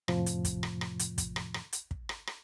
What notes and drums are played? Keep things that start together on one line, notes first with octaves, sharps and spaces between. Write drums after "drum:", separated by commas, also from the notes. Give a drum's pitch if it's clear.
F2 A2 C3 F3, drum: rim click
drum: hi-hat
drum: kick, hi-hat
drum: rim click
drum: rim click
drum: hi-hat
drum: kick, hi-hat
drum: rim click
drum: rim click
drum: hi-hat
drum: kick
drum: rim click
drum: rim click